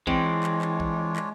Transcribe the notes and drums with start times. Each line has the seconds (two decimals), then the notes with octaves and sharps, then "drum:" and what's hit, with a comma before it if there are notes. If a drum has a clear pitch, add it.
0.07 E3 G#3 C4 D4 F4 C#5, drum: kick A#1
0.43 drum: clap
0.62 drum: clap
0.80 drum: kick A#1
1.16 drum: clap